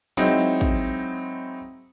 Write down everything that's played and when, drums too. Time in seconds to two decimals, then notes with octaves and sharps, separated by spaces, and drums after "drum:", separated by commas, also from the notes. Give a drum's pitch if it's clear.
0.17 F#3 G#3 C4 D#4 E4, drum: hi-hat
0.61 drum: kick A1